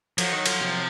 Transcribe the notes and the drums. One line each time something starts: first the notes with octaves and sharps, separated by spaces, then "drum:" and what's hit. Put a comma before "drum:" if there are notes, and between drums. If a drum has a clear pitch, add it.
F3 F#3, drum: cymbal
D#3
F3, drum: cymbal
C3